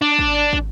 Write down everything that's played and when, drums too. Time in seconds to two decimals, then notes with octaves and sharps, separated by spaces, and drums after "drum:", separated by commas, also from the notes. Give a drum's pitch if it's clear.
0.01 D4
0.19 drum: kick
0.53 drum: kick